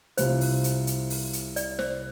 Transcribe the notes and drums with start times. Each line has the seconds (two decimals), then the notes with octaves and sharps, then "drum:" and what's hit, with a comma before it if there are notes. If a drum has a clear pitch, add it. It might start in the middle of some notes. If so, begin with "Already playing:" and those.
0.17 C2 C3 G3 F4 C5, drum: hi-hat
0.41 drum: open hi-hat
0.64 drum: hi-hat
0.87 drum: hi-hat
1.10 drum: open hi-hat
1.33 drum: hi-hat
1.56 D5, drum: hi-hat
1.79 C5, drum: snare